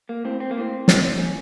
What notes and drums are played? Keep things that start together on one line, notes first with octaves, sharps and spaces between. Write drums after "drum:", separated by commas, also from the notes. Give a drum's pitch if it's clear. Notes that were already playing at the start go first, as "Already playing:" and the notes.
A#3
A2 C4
C4
A#3
A2 C4
A2, drum: snare
A#2 C#4